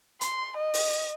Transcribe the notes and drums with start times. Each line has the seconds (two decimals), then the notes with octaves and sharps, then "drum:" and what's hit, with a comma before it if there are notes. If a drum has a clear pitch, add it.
0.21 C6, drum: hi-hat
0.57 D#5
0.74 drum: open hi-hat